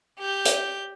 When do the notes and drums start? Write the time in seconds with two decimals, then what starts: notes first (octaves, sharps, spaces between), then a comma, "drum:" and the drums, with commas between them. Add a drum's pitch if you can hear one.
0.20 G4 G6
0.45 drum: hi-hat